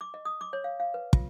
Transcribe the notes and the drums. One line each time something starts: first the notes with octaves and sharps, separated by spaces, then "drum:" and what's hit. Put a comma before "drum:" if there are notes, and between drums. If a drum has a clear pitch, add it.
D6
D#5
D#6
D6
C#5
F5
F5
B4
F4, drum: kick